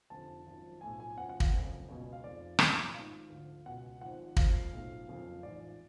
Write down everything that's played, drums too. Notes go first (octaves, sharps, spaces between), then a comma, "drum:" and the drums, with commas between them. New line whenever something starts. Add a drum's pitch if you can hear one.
F1 F2 D3 F3 A5
G#1 F#2 F3
B1 A2 F3 G#5
G#5
F#1 F#2 F3 F#5
F#5
F5, drum: kick
F#1 F2 C#3
C#2 B2
F5
F1 F2 F3 D5
B1 A2 F3, drum: rim click
G#1 G#2 F3 F5
D2 D3 F3
C#2 B2 F#5
G#1 G#2 F3 F#5
F#1 F2 F3 F5, drum: kick
B1 A2 F3
F#1 F2 C#3 F3
A1 G#2 F3 D5